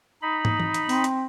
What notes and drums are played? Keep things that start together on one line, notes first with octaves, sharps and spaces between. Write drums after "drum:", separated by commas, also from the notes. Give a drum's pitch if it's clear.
D#4 B5
drum: tom
drum: tom E3
drum: hi-hat
C4, drum: open hi-hat
drum: hi-hat